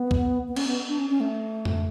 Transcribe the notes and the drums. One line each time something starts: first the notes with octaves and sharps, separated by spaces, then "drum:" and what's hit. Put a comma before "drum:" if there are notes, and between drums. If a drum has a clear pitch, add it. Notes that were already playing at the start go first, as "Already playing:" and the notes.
Already playing: B3
drum: kick C#2
B3
C#4, drum: cymbal
B3
D4
C#4
C#4
A3
drum: tom F2